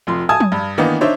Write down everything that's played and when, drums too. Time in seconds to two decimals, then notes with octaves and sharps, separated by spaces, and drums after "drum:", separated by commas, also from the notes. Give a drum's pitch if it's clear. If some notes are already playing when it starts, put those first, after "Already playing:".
0.07 F1 F3 C6
0.29 G#5 A5 D#6 G#6
0.40 drum: tom
0.52 G2
0.78 D#3 E3 A#3 B3 D4 D#4
1.01 D4 D#4 C5 C#5 E5